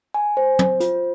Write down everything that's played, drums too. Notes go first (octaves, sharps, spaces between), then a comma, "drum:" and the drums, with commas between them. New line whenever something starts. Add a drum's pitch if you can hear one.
G#5
C5
C5, drum: tom
F4, drum: hi-hat